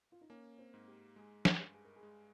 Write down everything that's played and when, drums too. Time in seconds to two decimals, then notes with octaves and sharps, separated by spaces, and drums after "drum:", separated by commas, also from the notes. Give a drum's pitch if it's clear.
0.12 F4
0.21 D#4
0.30 A#3 C#4
0.59 C4
0.74 G#2
0.88 G4
1.16 G#3 G#4
1.45 G#4, drum: snare
1.60 G2
1.74 G#4
1.85 A#4
1.96 G#4
2.03 G#3